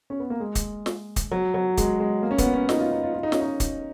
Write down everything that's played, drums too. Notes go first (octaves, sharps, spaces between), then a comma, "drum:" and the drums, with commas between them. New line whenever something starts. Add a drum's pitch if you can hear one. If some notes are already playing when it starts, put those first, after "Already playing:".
C#4
B3
A#3
G#3
drum: kick, hi-hat
drum: snare
drum: kick, hi-hat
F#3
F#3
G#3, drum: kick, hi-hat
G#3
A#3
C#4
B3, drum: kick, hi-hat
C#4
D#4, drum: snare
F4
D#4
F4
F4
D#4
C#4, drum: snare
D#4
drum: kick, hi-hat